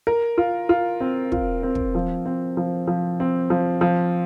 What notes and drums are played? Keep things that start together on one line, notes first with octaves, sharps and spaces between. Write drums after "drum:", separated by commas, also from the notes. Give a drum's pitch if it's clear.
A#4
F4
F4
C4
F4, drum: kick
C4
drum: kick
F3
C4
F3
F3
C4
F3
F3